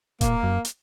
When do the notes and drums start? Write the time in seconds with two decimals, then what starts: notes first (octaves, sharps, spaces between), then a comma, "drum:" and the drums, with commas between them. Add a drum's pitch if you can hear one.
0.21 A#2 A#3, drum: kick E1, hi-hat
0.43 F#2
0.65 drum: hi-hat